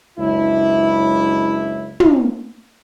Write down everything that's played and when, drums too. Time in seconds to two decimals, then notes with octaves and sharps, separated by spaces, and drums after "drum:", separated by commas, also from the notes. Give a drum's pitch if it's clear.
0.18 F#1 C#2 D4 E4
2.00 drum: tom